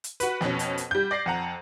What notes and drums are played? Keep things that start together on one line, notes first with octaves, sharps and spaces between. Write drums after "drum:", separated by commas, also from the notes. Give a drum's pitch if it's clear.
drum: hi-hat
F#4 B4, drum: hi-hat
F2 B2 C#4, drum: snare
drum: hi-hat
drum: hi-hat
G3 G6
D5 A#6 C7
F2 F#5 A#5